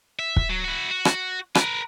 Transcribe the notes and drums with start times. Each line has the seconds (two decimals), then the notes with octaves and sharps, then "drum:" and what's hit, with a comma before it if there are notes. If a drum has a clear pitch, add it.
0.19 E5
0.36 drum: kick
0.49 F#3
0.64 E4 F#4
0.91 F#4
1.05 drum: rim click
1.55 A#4 B4, drum: rim click